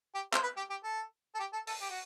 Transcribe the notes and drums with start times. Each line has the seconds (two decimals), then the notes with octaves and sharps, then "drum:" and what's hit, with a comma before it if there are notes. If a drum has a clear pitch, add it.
0.15 G4
0.34 C5, drum: clap
0.43 B4
0.57 G4
0.70 G4
0.84 A4
1.35 A4
1.39 G4
1.53 A4
1.67 A4, drum: open hi-hat
1.81 G4
1.90 F#4